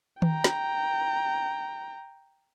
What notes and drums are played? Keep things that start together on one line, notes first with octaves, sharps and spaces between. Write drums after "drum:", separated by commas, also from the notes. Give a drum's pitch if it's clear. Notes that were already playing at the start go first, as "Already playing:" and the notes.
G5 A#5, drum: tom D#3
drum: snare